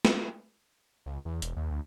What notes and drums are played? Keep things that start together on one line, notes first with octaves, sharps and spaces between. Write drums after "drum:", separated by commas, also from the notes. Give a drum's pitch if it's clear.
drum: snare
C#2
E2
E1, drum: hi-hat
D#2
D2